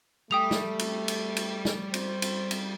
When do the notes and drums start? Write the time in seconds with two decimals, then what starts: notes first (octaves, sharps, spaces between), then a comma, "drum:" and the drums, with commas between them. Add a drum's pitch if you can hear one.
0.31 G3 A3 G5 D#6 F7
0.51 drum: snare
0.79 drum: cymbal
1.08 drum: cymbal
1.36 drum: cymbal
1.65 drum: snare
1.94 C5, drum: cymbal
2.22 drum: cymbal
2.51 drum: cymbal